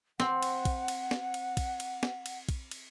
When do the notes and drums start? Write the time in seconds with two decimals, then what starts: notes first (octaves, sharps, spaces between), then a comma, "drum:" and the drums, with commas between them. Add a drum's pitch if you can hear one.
0.20 C4 F#5, drum: snare
0.43 drum: cymbal
0.65 drum: kick, cymbal
0.88 drum: cymbal
1.11 drum: snare
1.34 drum: cymbal
1.57 drum: kick, cymbal
1.80 drum: cymbal
2.03 drum: snare
2.26 drum: cymbal
2.49 drum: kick, cymbal
2.71 drum: cymbal